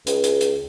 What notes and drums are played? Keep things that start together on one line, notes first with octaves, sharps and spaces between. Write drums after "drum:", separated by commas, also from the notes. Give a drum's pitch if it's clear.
C#2, drum: hi-hat
drum: hi-hat
drum: hi-hat